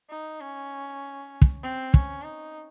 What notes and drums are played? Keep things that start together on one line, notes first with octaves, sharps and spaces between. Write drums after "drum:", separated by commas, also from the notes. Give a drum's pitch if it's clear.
D#4
C#4
drum: kick
C4
C#4, drum: kick
D#4